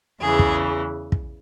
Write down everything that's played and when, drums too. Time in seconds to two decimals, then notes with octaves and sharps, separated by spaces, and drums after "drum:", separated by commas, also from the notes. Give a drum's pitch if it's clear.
0.21 E2 C#3 E3 G#4
0.39 drum: kick
1.12 drum: kick